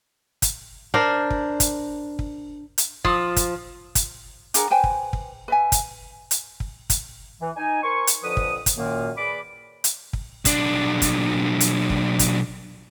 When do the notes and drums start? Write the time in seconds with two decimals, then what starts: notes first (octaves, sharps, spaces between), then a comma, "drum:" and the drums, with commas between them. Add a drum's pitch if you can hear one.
0.42 drum: kick, hi-hat
0.94 D4 A#4 C5
1.30 drum: kick
1.60 drum: kick, hi-hat
2.19 drum: kick
2.78 drum: hi-hat
3.05 F3, drum: kick
3.36 drum: kick, hi-hat
3.95 drum: kick, hi-hat
4.54 D4 G#4 A#4 F#5, drum: hi-hat
4.70 B4 C5 G5 G#5
4.84 drum: kick
5.13 drum: kick
5.48 B4 E5 G#5
5.72 drum: kick, hi-hat
6.31 drum: hi-hat
6.60 drum: kick
6.90 drum: kick, hi-hat
7.41 E3
7.56 D#4 G#5
7.83 A#4 C5 G#5 C6 C#6
8.07 drum: hi-hat
8.23 F2 D3 F3 B4 D#6
8.37 drum: kick
8.66 drum: kick, hi-hat
8.77 F#2 A#2 D#3 A#3
9.17 G#4 B4 D5 B5 D6
9.84 drum: hi-hat
10.13 drum: kick
10.45 B1 D4, drum: kick, hi-hat
11.02 drum: kick, hi-hat
11.60 drum: hi-hat
11.90 drum: kick
12.19 drum: kick, hi-hat